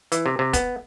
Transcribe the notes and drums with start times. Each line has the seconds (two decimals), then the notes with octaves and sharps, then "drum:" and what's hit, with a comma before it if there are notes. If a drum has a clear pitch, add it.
0.12 E3, drum: hi-hat
0.26 C3
0.39 C3
0.53 B3, drum: kick, hi-hat